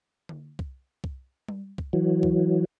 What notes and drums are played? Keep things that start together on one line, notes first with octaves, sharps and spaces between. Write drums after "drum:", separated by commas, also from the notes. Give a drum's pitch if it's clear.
drum: tom D3
drum: kick C2
drum: kick C2
drum: tom G3
drum: kick C2
E3 F#3
drum: kick C2